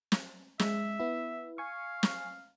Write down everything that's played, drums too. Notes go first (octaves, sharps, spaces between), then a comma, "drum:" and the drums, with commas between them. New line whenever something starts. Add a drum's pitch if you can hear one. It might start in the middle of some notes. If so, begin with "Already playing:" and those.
drum: snare
G#3 E5, drum: snare
B3 E4
F5 G#5 C#6
drum: snare